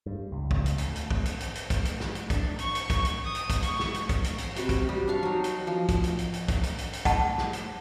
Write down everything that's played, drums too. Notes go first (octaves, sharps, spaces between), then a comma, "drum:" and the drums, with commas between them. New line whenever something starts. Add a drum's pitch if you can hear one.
G2
C#2
drum: kick
drum: hi-hat
D2, drum: hi-hat
drum: hi-hat
drum: kick
drum: hi-hat
drum: hi-hat
drum: hi-hat
drum: kick, hi-hat
drum: hi-hat
drum: snare
drum: hi-hat
D4, drum: kick, hi-hat
C#6, drum: hi-hat
drum: hi-hat
drum: kick, hi-hat
drum: hi-hat
D#6
drum: hi-hat
drum: kick, hi-hat
C#6, drum: hi-hat
drum: snare
drum: hi-hat
drum: kick, hi-hat
drum: hi-hat
A#5 C6, drum: hi-hat
C3 F#4 B4, drum: hi-hat
drum: kick, hi-hat
G3
D4 F5 C#6
F#3 D#4
drum: hi-hat
F3
drum: kick, hi-hat
drum: hi-hat
drum: hi-hat
drum: hi-hat
drum: kick, hi-hat
drum: hi-hat
drum: hi-hat
drum: hi-hat
F#5 A5, drum: kick, hi-hat
drum: snare
drum: hi-hat